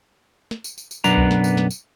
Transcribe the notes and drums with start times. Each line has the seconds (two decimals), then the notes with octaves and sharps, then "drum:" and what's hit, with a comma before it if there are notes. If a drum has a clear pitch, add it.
0.51 drum: snare
0.64 drum: tambourine
0.78 drum: tambourine
0.91 drum: tambourine
1.04 B1 F#2 B3 D4 A#5, drum: tambourine
1.17 drum: kick C2
1.31 drum: snare
1.44 drum: tambourine
1.57 drum: snare
1.71 drum: tambourine